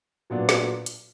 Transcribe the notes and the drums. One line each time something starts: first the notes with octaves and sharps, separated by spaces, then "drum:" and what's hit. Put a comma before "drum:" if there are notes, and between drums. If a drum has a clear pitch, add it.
A#2 F#3 B3 D4
drum: snare
drum: hi-hat